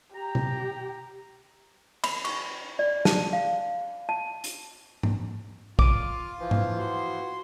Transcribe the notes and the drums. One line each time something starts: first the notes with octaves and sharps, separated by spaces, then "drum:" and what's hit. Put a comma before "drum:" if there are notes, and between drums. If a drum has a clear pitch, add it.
G4 A#5
drum: tom
B5, drum: cymbal
C#6, drum: cymbal
D5
A5, drum: snare
F5
A5
drum: hi-hat
drum: tom G#2
F4 D6 D#7, drum: kick
E3 F3
drum: tom G#2
F#4 C6